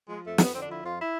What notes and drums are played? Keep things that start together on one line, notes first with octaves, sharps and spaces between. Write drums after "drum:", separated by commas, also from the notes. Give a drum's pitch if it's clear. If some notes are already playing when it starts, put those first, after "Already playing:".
F3 G#3
F2 A3
F2 B3, drum: snare
D3 C4
D4
F3 E4
F2 F4
E4